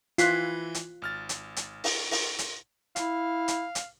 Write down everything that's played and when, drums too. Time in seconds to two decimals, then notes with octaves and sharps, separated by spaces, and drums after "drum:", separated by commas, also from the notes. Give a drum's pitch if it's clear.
0.18 E3 E4 F4 F#6 B6 C7, drum: hi-hat
0.74 drum: hi-hat
1.02 G#1 F6 A6
1.29 drum: hi-hat
1.56 drum: hi-hat
1.84 drum: open hi-hat
2.11 drum: open hi-hat
2.38 drum: hi-hat
2.96 E4 F5, drum: hi-hat
3.48 drum: hi-hat
3.75 drum: hi-hat